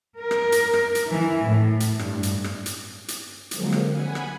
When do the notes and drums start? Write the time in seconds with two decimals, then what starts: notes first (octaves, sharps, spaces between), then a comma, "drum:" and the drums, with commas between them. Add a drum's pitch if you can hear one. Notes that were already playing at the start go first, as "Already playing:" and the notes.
0.20 A#4
0.31 drum: rim click
0.52 drum: hi-hat
0.74 drum: rim click
0.95 drum: hi-hat
1.11 E3
1.46 A2
1.80 drum: hi-hat
1.99 G2, drum: rim click
2.23 drum: hi-hat
2.44 drum: rim click
2.66 drum: hi-hat
3.08 drum: hi-hat
3.51 D3 F3 F#3 G#3 A#3 C4, drum: hi-hat
3.72 drum: rim click
3.89 F#5 G#5 B5
4.15 drum: rim click